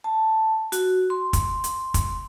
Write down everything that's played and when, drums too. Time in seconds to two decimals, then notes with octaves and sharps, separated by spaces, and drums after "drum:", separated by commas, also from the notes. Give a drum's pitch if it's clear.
0.04 A5
0.72 F#4, drum: hi-hat
1.10 C6
1.33 drum: kick, hi-hat
1.64 drum: hi-hat
1.94 drum: kick, hi-hat